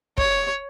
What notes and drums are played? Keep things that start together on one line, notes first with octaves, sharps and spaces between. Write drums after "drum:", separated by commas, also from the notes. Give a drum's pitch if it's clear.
C#5, drum: kick